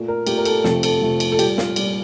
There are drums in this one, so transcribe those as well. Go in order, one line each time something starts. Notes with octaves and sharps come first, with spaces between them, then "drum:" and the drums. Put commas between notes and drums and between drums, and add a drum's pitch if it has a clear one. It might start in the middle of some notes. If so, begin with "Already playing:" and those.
Already playing: A#2 A3
A#4
A#2 A3 G4, drum: cymbal
A#4
A4, drum: cymbal
F2 C3 F3 A3 A4, drum: snare
A4, drum: cymbal
F2 C3 F3 A3
drum: cymbal
A4
A#2 G3 G4, drum: cymbal
F4, drum: snare
A#2 G3, drum: cymbal